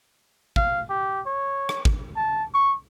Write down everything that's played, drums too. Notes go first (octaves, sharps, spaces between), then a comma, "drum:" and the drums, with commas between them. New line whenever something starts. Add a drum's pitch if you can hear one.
F5, drum: kick
G4
C#5
drum: rim click
drum: kick
A5
C#6